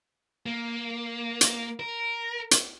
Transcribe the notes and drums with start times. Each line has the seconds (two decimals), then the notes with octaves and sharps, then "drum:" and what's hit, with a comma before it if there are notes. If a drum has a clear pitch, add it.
0.46 A#3
1.41 drum: hi-hat
1.79 A#4
2.51 drum: hi-hat